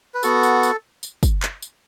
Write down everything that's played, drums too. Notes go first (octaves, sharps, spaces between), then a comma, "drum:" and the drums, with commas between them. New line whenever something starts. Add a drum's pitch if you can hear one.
B4
B3 F#4 A4, drum: tambourine
drum: tambourine
drum: tambourine
drum: tambourine
drum: kick, tambourine
drum: clap
drum: tambourine